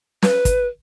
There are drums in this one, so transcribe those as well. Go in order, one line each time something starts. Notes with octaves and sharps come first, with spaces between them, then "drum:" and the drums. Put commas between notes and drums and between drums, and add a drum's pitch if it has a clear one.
B4, drum: snare
drum: kick, hi-hat